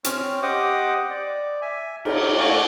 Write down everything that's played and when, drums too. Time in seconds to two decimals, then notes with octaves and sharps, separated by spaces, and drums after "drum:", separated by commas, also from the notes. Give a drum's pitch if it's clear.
0.04 C4 C#4 F6, drum: hi-hat
0.43 G4 C5 D#5 F#5 D6 D#6
1.10 D5
1.62 E5 G#5
2.05 G4 A#4, drum: cymbal
2.37 A3 A#3 F#4 D5 G#5